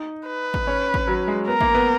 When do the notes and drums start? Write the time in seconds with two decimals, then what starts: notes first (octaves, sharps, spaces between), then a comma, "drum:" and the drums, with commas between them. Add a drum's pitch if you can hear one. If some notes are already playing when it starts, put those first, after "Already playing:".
Already playing: D#4
0.27 B4
0.54 drum: kick G#1
0.67 C#4
0.94 drum: kick G#1
1.08 F#3
1.28 G#3
1.48 B3 A#4
1.61 A#3, drum: kick G#1
1.75 B3